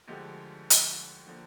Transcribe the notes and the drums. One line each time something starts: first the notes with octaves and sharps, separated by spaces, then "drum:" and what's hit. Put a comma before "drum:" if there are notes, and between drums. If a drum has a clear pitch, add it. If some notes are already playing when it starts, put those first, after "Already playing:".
D2 D3 F3 G#3 G4
drum: hi-hat
D3 F3 A#3